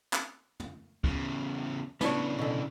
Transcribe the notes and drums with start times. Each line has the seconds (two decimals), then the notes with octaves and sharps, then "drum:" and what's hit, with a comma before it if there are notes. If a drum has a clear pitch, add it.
0.13 drum: clap
0.60 drum: tom
1.04 E2 C#3, drum: kick
2.01 C#3 E3 B3 D4 C#5, drum: snare
2.39 B2 D3